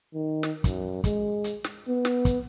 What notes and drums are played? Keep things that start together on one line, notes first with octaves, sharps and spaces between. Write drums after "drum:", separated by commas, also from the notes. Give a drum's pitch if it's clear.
D#3
drum: snare
F#2, drum: kick, hi-hat
G#3, drum: kick, hi-hat
drum: hi-hat
drum: snare
B3
drum: snare
drum: kick, hi-hat